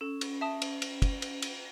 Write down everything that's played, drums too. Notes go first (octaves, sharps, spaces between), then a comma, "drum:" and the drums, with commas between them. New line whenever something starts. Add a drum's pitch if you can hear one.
C#4 A4
drum: cymbal
E5 A5 D#6
drum: cymbal
drum: cymbal
drum: kick, cymbal
drum: cymbal
drum: cymbal